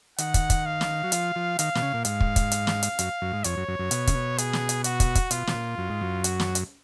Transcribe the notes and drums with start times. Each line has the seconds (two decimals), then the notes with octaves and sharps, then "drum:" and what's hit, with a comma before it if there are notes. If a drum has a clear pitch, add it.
0.18 D#3 F#5, drum: hi-hat
0.34 drum: kick, hi-hat
0.50 drum: kick, hi-hat
0.66 F5
0.81 drum: snare
1.03 F#3
1.12 F3, drum: hi-hat
1.36 F3
1.59 D#3 F5, drum: hi-hat
1.75 B2, drum: snare
1.82 C#3
1.94 A#2
2.05 G#2 F5, drum: hi-hat
2.20 drum: kick
2.36 drum: kick, hi-hat
2.52 drum: hi-hat
2.67 drum: snare
2.83 drum: hi-hat
2.99 F#2, drum: hi-hat
3.22 F#2
3.33 G#2
3.44 F2 C#5, drum: hi-hat
3.57 F#2
3.68 F#2
3.79 F#2
3.91 B2, drum: hi-hat
4.07 C#3, drum: kick, hi-hat
4.14 B2
4.38 G#4, drum: hi-hat
4.53 drum: snare
4.69 drum: hi-hat
4.84 F#4, drum: hi-hat
5.00 drum: kick, hi-hat
5.15 drum: kick, hi-hat
5.31 B2 F4, drum: hi-hat
5.47 B2, drum: snare
5.54 A#2
5.78 F#2
5.90 G#2
6.01 F#2
6.24 F#4, drum: hi-hat
6.40 drum: snare
6.55 drum: hi-hat